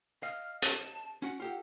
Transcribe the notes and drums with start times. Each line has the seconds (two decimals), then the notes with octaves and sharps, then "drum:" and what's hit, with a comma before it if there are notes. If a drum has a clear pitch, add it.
0.23 D#5 F5 F6
0.62 A5, drum: hi-hat
1.22 C#4 F#4 F#5
1.40 F4 G4 A4